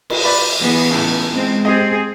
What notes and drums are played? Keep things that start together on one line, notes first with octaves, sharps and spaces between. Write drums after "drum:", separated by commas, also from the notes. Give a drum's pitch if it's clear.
drum: cymbal
B4 D5 B5
E3 B3 G#4
C#2 A2
G#3 C4
C4 G4 G#4 D#5